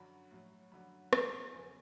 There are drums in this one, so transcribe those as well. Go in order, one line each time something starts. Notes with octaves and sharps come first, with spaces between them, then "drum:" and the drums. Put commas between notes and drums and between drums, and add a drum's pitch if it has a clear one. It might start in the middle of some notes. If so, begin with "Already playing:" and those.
Already playing: F#2 D3 F#3 B5
A2 F#3
F#2 D3 F#3 B5
F#2 E3, drum: rim click
E2 C#3 F#3 G#5